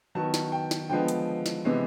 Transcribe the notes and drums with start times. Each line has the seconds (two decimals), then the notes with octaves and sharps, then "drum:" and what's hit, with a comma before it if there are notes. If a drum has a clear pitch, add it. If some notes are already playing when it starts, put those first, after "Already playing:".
0.15 D#3 F#3 B3 A5
0.34 drum: snare
0.52 G5
0.71 drum: snare
0.89 D3 F3 G#3 B3 G5
1.08 drum: hi-hat
1.46 drum: snare
1.65 C3 E3 G#3 B3